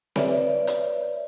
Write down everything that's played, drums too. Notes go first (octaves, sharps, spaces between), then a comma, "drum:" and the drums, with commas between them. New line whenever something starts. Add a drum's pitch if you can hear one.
B4 C#5 D5 E5, drum: snare C4
drum: hi-hat